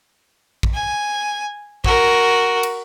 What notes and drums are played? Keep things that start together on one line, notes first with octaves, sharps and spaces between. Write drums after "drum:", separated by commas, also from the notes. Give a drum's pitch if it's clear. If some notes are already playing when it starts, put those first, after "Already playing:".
drum: kick
G#5
F#4 A#4, drum: kick
drum: cymbal